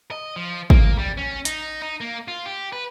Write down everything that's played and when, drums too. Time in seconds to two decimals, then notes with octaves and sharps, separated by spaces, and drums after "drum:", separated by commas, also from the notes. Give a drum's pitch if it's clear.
0.11 D#5
0.36 F3
0.70 A#3, drum: kick
0.98 G3
1.17 C#4
1.45 D#4, drum: hi-hat
1.82 D#4
2.00 A#3
2.28 F4
2.46 G4
2.73 B4